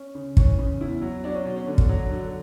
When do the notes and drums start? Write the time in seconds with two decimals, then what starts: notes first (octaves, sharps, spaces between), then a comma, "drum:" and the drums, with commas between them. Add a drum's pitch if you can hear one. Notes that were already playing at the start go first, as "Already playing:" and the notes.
Already playing: C#4
0.15 C#3
0.37 E3 C#4, drum: kick
0.59 C#3
0.81 E2 E4
1.02 F#3
1.24 F#3 D4
1.35 C#4
1.45 B2 C#4
1.56 C#4
1.67 D3
1.78 drum: kick
1.89 F#3
2.11 D3